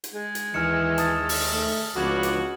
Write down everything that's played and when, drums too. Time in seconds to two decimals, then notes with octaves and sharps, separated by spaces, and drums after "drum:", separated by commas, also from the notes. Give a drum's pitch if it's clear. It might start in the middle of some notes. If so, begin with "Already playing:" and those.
0.04 drum: hi-hat
0.14 G#3
0.35 drum: hi-hat
0.54 D#2 D#3 E3 E5 G#5 F6 C#7
0.98 A5 D#6 A6, drum: hi-hat
1.29 drum: open hi-hat
1.52 A3
1.96 C#2 F3 B3 D4 F#4 B5 G#6 F#7
2.23 drum: hi-hat